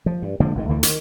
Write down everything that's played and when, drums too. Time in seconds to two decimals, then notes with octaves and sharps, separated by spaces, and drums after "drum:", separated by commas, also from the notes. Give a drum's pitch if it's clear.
0.06 F3
0.22 G2
0.40 D3 F3 G#3 A#3
0.55 G#1 A2 D#3
0.69 D2 D3 E3
0.83 D#3, drum: hi-hat